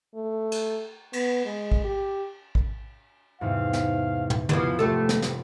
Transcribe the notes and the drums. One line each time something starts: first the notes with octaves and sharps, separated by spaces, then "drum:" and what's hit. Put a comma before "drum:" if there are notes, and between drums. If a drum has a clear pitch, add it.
A3
drum: cymbal
B3, drum: cymbal
G#3
drum: kick A1
G4
drum: kick A1
E2 G#2 C3 F5
drum: snare
drum: tom
C#3 E3 F3 B3, drum: tom
F1 A3 F4 G4 A4 C7
drum: snare
drum: snare